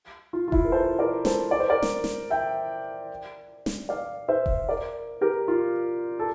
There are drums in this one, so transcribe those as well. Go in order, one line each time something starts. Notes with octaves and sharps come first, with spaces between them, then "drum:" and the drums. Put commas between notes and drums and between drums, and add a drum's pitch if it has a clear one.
F4
F4
E4, drum: kick E1
A#4
A4 C5
A#4 D5
A4 C5, drum: snare
D5
C5
A#4 D5
drum: snare
drum: snare
E5 G5
drum: snare
D5 F5
C5 E5
drum: kick E1
A#4 D5
G4 A#4
F4
A4